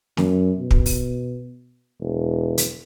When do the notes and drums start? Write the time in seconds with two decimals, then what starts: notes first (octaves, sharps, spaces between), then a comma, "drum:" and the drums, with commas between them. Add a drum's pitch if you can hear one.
0.17 F#2, drum: snare
0.59 B2
0.71 drum: kick
0.86 drum: open hi-hat
2.00 E1
2.58 drum: hi-hat